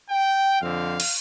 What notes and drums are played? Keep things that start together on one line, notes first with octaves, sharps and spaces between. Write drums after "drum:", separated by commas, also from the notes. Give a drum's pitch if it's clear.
G5
F2 D3 F3 C4 F5
drum: cymbal